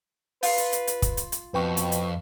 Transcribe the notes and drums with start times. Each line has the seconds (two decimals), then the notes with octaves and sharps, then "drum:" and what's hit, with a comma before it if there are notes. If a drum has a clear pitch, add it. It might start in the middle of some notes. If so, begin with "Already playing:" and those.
0.43 F4 B4, drum: open hi-hat
0.58 drum: hi-hat
0.73 drum: hi-hat
0.87 drum: hi-hat
1.02 drum: kick, hi-hat
1.17 drum: hi-hat
1.32 drum: hi-hat
1.54 F2 B2 B4 G5 C#6
1.77 drum: hi-hat
1.92 drum: hi-hat